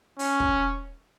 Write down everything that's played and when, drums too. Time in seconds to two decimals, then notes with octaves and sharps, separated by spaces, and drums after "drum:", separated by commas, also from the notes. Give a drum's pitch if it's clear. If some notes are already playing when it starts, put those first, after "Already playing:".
0.19 C#4, drum: open hi-hat
0.40 drum: kick